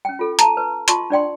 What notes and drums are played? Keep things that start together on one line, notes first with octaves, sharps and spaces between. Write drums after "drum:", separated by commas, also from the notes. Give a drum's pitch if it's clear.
C#4 G5
F4 A4
A5 A#5, drum: hi-hat
B4
F4 D#5 A5 C6 C#6, drum: hi-hat
D4 D5 G5 C6